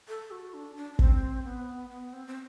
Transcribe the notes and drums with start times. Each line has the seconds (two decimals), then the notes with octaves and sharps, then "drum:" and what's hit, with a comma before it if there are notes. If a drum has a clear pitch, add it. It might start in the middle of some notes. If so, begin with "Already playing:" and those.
0.08 A4
0.31 F#4
0.54 D4
0.77 D4
0.94 D4
0.99 C4, drum: kick
1.44 B3
1.90 B3
2.13 C4
2.27 C4